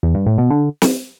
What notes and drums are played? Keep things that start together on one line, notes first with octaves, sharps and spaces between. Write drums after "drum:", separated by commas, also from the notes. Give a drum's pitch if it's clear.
E2
G2
A2
B2
D3
drum: snare